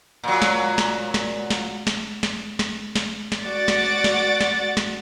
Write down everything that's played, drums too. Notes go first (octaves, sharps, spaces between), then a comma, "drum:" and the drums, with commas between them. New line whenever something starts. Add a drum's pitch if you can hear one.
A#2 F#3
drum: snare
drum: snare
drum: snare
drum: snare
drum: snare
drum: snare
drum: snare
drum: snare
drum: snare
F#4 D5 F#5 D6 A6
drum: snare
drum: snare
drum: snare
drum: snare